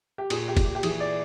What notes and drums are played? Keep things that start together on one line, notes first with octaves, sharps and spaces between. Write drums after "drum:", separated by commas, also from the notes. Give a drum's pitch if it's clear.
G4
A#2 G#4, drum: cymbal
G4
A#2, drum: kick, cymbal
G4
G4
E3 G#4, drum: cymbal
D5